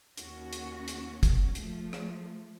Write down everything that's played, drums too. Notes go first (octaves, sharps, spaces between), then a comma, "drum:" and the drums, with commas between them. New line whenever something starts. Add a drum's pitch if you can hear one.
D#2 C#4 F#4, drum: hi-hat
drum: hi-hat
drum: hi-hat
drum: kick, hi-hat
F3 A3, drum: hi-hat
drum: rim click